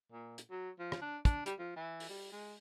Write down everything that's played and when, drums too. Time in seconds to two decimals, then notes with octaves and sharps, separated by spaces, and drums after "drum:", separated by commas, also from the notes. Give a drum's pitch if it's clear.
0.12 A#2
0.38 drum: hi-hat
0.51 F#3
0.79 F3
0.92 drum: rim click
1.02 D4
1.25 D4, drum: kick, hi-hat
1.46 G3, drum: hi-hat
1.59 F3
1.76 E3
2.00 drum: open hi-hat
2.09 G3
2.32 G#3